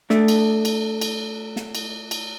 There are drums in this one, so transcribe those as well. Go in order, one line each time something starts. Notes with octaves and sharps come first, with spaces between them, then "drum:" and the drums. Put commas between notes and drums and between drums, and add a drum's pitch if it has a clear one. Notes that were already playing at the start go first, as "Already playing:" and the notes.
A3 D4, drum: snare
drum: cymbal
drum: cymbal
drum: cymbal
drum: snare
drum: cymbal
drum: cymbal